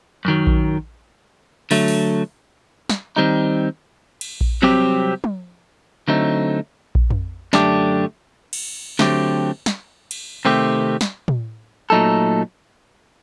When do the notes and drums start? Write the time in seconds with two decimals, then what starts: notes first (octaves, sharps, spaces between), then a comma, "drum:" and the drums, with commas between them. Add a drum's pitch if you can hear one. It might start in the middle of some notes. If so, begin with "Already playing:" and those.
0.25 F#2 D#3 F#3
0.47 drum: kick A#1
1.71 D3 F#3 A3, drum: open hi-hat
1.88 drum: open hi-hat
2.90 drum: snare
3.16 D#3 G3 C4 D#4
4.21 drum: cymbal
4.41 drum: kick A#1
4.62 C2 C3 F#3 C4 G4
5.24 drum: tom
6.08 D3 F#3 A3 C4 D#4
6.95 drum: kick A#1
7.10 drum: tom F2
7.53 F#2 D3 A3 D4 G4, drum: snare
8.53 drum: cymbal
8.99 D3 F#3 A3 C4 G4, drum: snare
9.66 drum: snare
10.11 drum: cymbal
10.45 C3 D#3 A3 C4 G4
11.01 drum: snare
11.28 drum: tom
11.90 A#2 F#3 A3 D#4 A4